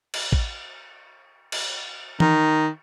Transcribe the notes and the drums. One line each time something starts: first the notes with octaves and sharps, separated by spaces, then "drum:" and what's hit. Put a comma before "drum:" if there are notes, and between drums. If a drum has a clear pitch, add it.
drum: cymbal
drum: kick A1
drum: cymbal
D#3, drum: tom E3